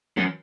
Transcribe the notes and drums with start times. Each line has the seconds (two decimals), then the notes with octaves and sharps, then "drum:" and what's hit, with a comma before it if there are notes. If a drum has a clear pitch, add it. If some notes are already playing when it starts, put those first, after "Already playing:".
0.17 F#2, drum: tom